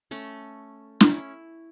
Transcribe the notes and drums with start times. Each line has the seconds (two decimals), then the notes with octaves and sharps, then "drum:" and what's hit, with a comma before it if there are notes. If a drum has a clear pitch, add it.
0.11 A3 C#4
1.01 C#4 E4, drum: snare